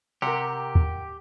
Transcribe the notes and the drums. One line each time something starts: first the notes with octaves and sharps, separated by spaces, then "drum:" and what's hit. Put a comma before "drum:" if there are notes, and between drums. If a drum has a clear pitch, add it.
C3 G4 A#4 F#5
drum: kick